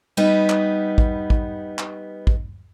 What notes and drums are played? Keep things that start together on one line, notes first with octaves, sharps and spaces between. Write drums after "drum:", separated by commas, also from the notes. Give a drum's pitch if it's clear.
G3 B3 D#4 B4
drum: clap
drum: kick
drum: kick
drum: clap
drum: kick